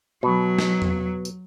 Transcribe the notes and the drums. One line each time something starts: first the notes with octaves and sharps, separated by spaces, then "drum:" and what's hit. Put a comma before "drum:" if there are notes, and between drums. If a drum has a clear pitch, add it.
B2 F#3
drum: snare
drum: tom
drum: tambourine